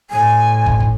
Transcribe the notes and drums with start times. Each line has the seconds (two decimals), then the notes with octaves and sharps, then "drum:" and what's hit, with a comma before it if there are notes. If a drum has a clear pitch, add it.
0.10 A2 G#5
0.66 drum: kick
0.80 drum: kick